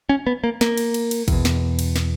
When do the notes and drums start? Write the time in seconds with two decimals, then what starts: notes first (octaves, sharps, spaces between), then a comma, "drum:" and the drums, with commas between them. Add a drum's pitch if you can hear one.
0.09 C#4
0.27 B3
0.44 A#3
0.61 A#3, drum: snare
0.78 drum: cymbal
0.94 drum: cymbal
1.11 drum: cymbal
1.28 E2 B2, drum: kick, cymbal
1.45 drum: snare
1.79 drum: cymbal
1.96 drum: snare